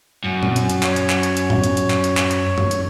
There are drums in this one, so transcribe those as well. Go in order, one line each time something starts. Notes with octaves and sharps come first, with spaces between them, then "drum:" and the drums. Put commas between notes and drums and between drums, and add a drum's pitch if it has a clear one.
F#2
drum: tom
drum: hi-hat
drum: hi-hat
C#5, drum: clap
drum: hi-hat
drum: clap
drum: hi-hat
drum: hi-hat
drum: tom A2
drum: hi-hat
drum: hi-hat
drum: clap
drum: hi-hat
drum: clap
drum: hi-hat
drum: tom F#2
drum: hi-hat